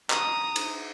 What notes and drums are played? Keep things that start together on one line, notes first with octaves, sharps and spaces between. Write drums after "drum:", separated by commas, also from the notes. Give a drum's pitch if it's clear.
A#5 D#6, drum: clap
drum: cymbal